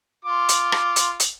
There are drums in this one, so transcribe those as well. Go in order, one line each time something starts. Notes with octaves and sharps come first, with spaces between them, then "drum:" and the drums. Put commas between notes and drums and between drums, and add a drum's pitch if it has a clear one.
F4 C6 D6
drum: hi-hat
drum: rim click
drum: hi-hat
drum: hi-hat